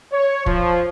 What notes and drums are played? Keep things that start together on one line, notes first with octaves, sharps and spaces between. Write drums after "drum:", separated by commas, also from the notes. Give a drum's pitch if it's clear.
C#5
F3, drum: kick